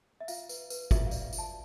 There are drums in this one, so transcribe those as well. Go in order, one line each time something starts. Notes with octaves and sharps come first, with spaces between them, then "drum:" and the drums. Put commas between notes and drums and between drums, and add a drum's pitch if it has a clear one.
E5
F4 F5, drum: tambourine
B4, drum: tambourine
B4, drum: tambourine
F4 E5, drum: kick, tambourine
F5
D5, drum: tambourine
F5
F4, drum: tambourine
A5